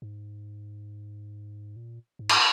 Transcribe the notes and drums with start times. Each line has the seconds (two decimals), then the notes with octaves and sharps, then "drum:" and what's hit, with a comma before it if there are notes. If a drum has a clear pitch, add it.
0.02 G#2
1.76 A#2
2.19 G#2
2.29 drum: cymbal